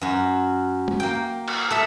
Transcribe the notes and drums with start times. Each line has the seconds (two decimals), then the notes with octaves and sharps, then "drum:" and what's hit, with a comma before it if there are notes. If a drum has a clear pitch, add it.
0.01 F#2 F#4
0.88 drum: tom
1.00 A#3 G5
1.48 drum: cymbal
1.70 A4 E5